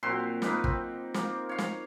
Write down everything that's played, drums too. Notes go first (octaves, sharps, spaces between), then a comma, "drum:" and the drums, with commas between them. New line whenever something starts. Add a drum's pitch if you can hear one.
A#2 F#3 C4 C6
A#3 D#4 B4, drum: snare
C4, drum: kick
A#3, drum: snare
C#5 F5
drum: snare